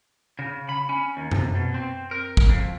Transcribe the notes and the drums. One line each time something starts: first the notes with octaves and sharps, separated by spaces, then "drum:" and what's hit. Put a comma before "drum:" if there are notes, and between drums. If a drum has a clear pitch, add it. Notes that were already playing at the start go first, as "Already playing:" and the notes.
C#3
B5
C#4
D#2
C3, drum: tom F#2
B2
C4
A#4
drum: kick
F2